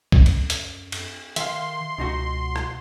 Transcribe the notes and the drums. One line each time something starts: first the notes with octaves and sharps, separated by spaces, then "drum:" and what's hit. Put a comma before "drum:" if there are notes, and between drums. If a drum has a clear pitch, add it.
F#2, drum: kick B1
drum: cymbal
drum: hi-hat
drum: cymbal
D#3 E5 F5 C6, drum: hi-hat
C#2 B2 D#4 F#4
drum: rim click